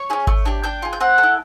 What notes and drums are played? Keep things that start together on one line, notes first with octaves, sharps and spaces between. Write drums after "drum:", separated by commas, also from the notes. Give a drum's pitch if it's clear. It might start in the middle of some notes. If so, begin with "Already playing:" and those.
Already playing: C#5 C#6
C#4 E4 G#4
A3, drum: kick G#1
D4 G4
D4 G5 G6
F4 G#4
G6
C4 F#5 F#6
A4
E4